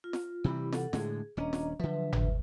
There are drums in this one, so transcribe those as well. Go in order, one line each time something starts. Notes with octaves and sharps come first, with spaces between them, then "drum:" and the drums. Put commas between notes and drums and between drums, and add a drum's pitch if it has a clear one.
F4
drum: snare
C3 E3 G3 E4 G4 B5
A4 F#5, drum: snare
A2 D3 G#3 G#4, drum: snare
D#1 C#4 D4 D#5 A#5
drum: snare
D3 F3 F#3 B4 E5
drum: tom G1